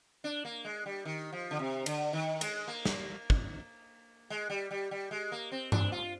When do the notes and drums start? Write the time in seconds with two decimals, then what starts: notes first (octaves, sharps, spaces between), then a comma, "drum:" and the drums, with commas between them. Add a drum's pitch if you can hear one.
0.24 D4
0.45 A#3
0.65 G#3
0.86 G3
1.05 D#3
1.32 F3
1.51 D3
1.59 C3
1.86 D3, drum: cymbal
2.13 D#3
2.41 G#3, drum: cymbal
2.68 A#3
2.85 drum: snare
3.30 drum: kick
4.30 G#3
4.50 G3
4.71 G3
4.91 G3
5.11 G#3
5.32 A#3
5.52 C4
5.72 D4, drum: tom G2
5.92 F4